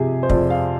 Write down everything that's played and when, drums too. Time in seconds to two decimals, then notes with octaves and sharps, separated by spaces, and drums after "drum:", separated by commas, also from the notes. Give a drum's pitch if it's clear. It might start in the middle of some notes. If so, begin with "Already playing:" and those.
Already playing: C3 F3 G4 G#4
0.23 C5
0.30 F2 D5, drum: kick
0.50 F5